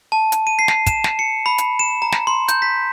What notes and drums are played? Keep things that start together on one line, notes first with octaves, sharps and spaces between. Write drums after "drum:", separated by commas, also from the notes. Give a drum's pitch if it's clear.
A5
drum: hi-hat
D#7
C7
drum: snare
E7, drum: kick, hi-hat
drum: snare
C#7
B5
drum: hi-hat
E7
A#5
drum: snare
C6
G6, drum: hi-hat
B6